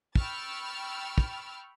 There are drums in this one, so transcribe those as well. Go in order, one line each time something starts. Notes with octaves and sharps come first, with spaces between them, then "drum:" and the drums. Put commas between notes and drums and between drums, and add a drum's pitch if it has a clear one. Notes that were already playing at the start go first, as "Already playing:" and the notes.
G5 B5 C#6 E6 F6 A6, drum: kick
drum: kick